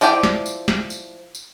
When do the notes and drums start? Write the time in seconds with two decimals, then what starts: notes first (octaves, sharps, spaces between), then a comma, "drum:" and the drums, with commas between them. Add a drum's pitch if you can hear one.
0.01 F3 E4 D5 G5, drum: tambourine
0.23 drum: snare
0.46 drum: tambourine
0.68 drum: snare
0.90 drum: tambourine
1.35 drum: tambourine